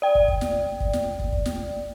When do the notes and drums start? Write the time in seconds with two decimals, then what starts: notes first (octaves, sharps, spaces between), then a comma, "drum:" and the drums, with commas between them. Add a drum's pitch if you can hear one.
0.02 D5 G5
0.15 drum: kick
0.28 drum: kick
0.41 drum: snare
0.80 drum: kick
0.93 drum: snare
1.19 drum: kick
1.32 drum: kick
1.46 drum: snare